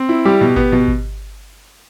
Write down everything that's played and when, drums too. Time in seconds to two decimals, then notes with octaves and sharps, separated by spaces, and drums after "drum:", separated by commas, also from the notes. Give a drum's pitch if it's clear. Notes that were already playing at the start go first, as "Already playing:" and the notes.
Already playing: C4
0.09 E4
0.25 G3 G4
0.41 B2
0.56 B3, drum: kick G#1
0.72 B2
0.88 drum: kick G#1